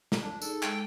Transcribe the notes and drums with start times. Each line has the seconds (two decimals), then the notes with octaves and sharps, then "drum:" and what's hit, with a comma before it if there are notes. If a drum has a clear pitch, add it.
0.12 drum: snare
0.22 D4
0.42 D#4 G#4 A4, drum: tambourine
0.63 G#3 G5, drum: clap